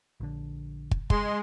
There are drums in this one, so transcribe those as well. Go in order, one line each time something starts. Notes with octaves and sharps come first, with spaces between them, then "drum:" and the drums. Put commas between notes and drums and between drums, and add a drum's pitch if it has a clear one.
A#1 D3
drum: kick
G#3 C6, drum: kick